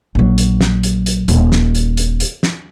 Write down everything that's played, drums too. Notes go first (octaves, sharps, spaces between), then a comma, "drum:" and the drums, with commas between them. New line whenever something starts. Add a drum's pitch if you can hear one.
A#1 F#3
drum: hi-hat
drum: snare
drum: hi-hat
drum: hi-hat
D#1, drum: hi-hat
drum: snare
drum: hi-hat
drum: hi-hat
drum: hi-hat
drum: snare